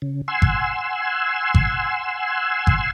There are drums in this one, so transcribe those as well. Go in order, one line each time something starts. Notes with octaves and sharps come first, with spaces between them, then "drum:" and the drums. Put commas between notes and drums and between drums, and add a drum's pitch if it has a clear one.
C#3
F#5 G#5 C6 E6
drum: kick G#1
drum: kick G#1
drum: kick G#1